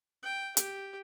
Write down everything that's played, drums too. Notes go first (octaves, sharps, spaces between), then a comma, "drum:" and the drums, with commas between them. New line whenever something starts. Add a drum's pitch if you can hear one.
G5
G4, drum: hi-hat